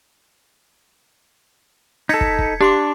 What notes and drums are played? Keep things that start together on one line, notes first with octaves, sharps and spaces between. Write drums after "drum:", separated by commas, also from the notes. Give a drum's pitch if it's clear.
D#4 A4 G#6 B6 C#7
drum: kick
drum: kick
D4 G4 C6 D6